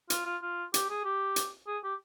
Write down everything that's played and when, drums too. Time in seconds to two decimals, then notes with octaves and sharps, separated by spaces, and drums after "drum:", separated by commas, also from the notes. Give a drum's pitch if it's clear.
0.10 F4, drum: hi-hat
0.26 F4
0.42 F4
0.74 G4, drum: hi-hat
0.90 G#4
1.04 G4
1.36 drum: hi-hat
1.67 G#4
1.84 G4